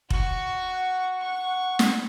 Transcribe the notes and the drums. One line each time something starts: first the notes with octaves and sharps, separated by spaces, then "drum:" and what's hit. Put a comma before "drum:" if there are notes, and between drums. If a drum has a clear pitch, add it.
F#4 C#6, drum: kick F1
F#5
C#6
drum: snare